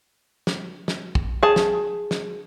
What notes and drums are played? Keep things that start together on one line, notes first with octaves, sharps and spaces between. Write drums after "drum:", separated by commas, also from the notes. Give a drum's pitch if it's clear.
drum: snare
drum: snare
drum: kick
G#4 A5
drum: snare
drum: snare